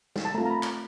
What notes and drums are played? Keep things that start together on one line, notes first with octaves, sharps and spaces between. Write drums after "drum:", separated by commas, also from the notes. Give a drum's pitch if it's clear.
drum: snare
A5
A3 C4 F4 A#5
A#5
B5
drum: clap